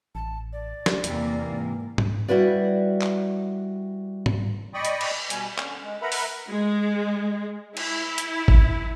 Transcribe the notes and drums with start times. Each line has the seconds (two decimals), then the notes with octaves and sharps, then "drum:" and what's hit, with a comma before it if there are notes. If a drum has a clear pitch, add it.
0.15 A1 A5
0.53 D5
0.86 drum: snare
1.04 E2 C3 E3 A#3, drum: hi-hat
1.51 G#2
1.98 drum: tom G#2
2.28 G3 E4 F#4 B4 D5
3.02 drum: clap
4.26 drum: tom G#2
4.74 D5 D#5 G5 B5 C#6 D#6
4.85 drum: hi-hat
5.01 drum: cymbal
5.30 B2 G3 G#5, drum: hi-hat
5.58 D3 C#4, drum: clap
5.84 G#3
6.02 A#4 B4 E5 F#5 A#5 B5
6.12 drum: open hi-hat
6.50 G#3
7.77 E4, drum: cymbal
8.18 drum: hi-hat
8.48 drum: kick G#1